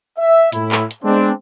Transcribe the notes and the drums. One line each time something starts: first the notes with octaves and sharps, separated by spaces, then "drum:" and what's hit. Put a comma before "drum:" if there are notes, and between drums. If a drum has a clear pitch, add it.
E5
A2 E4, drum: hi-hat
drum: clap
drum: hi-hat
G#3 B3 C4 D4